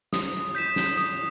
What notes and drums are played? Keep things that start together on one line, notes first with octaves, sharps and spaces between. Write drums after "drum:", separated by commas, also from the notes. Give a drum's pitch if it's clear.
D#6, drum: snare
G6 B6 E7
drum: snare
D#6